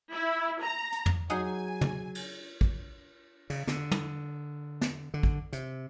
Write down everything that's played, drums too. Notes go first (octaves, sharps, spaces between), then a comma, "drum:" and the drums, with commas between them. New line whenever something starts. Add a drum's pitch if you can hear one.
E4
A#5
drum: hi-hat
drum: tom
F#3 D#4 G#4 F#5 G#5
drum: tom
drum: cymbal
drum: kick
C#3, drum: cymbal
D3, drum: snare
drum: tom
drum: snare
D3
drum: kick
C3, drum: hi-hat